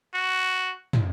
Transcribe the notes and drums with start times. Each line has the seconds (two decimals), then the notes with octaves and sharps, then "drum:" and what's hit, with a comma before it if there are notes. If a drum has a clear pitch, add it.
0.14 F#4
0.93 drum: tom